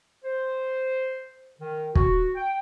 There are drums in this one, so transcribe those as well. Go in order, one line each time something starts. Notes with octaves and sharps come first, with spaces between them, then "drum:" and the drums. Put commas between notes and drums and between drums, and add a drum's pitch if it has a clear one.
C5
D#3
F#4, drum: kick
G5